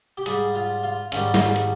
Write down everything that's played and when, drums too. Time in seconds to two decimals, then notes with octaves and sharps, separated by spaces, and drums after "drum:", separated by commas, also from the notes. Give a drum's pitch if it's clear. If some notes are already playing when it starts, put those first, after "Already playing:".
0.17 G4
0.26 G#2 G3 G#4, drum: hi-hat
0.55 F4
0.83 F4
1.12 G#2 D#3 G3 C#4, drum: hi-hat
1.34 drum: snare
1.56 drum: hi-hat